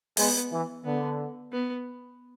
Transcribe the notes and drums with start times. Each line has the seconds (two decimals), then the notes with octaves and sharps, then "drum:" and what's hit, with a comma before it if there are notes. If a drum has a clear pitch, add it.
0.17 G#3 B3, drum: open hi-hat
0.51 E3
0.85 D3 B3
1.52 B3